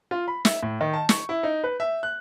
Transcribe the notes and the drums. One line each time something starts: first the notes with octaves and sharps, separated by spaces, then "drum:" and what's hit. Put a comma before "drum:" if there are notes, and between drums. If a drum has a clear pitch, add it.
F4
B5
E5, drum: snare
A2
D#3
A5
C#6, drum: snare
E4
D#4
B4
E5
F#6